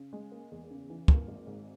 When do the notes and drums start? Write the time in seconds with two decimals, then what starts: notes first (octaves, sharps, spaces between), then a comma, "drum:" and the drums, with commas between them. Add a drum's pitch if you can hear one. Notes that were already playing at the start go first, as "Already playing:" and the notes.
Already playing: C#3
0.13 G#3
0.32 A#3
0.51 E2
0.70 C#3
0.90 E3
1.08 A#3, drum: kick
1.27 G#1
1.47 G#2